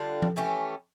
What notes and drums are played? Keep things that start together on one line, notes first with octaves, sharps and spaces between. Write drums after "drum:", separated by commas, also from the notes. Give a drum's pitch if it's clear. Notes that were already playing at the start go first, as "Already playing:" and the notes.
Already playing: D3 G3 D4 F4
drum: tom F3
E3 A3 C#4 G4